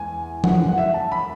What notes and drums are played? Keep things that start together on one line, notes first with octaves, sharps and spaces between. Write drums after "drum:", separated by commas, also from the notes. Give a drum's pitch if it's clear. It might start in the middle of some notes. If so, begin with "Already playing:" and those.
Already playing: E2 G#3 G#5
F#2 E3 G#3 F#5, drum: tom F3
F#5
E5
A5
B5